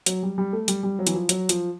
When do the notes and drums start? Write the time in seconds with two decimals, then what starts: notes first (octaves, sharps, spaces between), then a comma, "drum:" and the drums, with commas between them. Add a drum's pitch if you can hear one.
0.06 F#3, drum: hi-hat
0.23 G3
0.38 G3
0.53 A3
0.68 G3, drum: hi-hat
0.83 G3
0.99 F#3
1.07 E3, drum: hi-hat
1.15 F3
1.29 F#3, drum: hi-hat
1.49 F3, drum: hi-hat